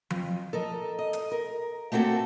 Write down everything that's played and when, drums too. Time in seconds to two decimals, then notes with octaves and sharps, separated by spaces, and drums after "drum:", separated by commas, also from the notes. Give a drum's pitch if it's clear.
0.10 F2, drum: tom F3
0.53 A4 A#4 D#5
0.99 D#5
1.13 drum: hi-hat
1.32 A#4
1.92 A3 A#3 C4 F#4 A4